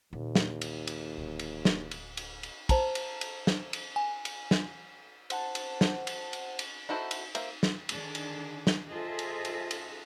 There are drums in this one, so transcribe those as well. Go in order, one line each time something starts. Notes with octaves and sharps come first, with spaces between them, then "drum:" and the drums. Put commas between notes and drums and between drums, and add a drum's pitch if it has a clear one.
D#2 A#2
drum: snare
drum: cymbal
drum: cymbal
D1
drum: cymbal
drum: snare
drum: cymbal
drum: cymbal
drum: cymbal
C5 A5 A#5, drum: kick, cymbal
drum: cymbal
drum: cymbal
drum: snare
drum: cymbal
G#5
drum: cymbal
drum: snare
C5 F#5 A5, drum: cymbal
drum: cymbal
drum: snare
drum: cymbal
drum: cymbal
drum: cymbal
D#4 E4 F#4 A4 C5
drum: cymbal
A#3 C5 E5, drum: cymbal
drum: snare
D3 D#3 D4 G#4, drum: cymbal
drum: cymbal
drum: snare
F4 G#4 A4 C5 D#5 E5
drum: cymbal
drum: cymbal
drum: cymbal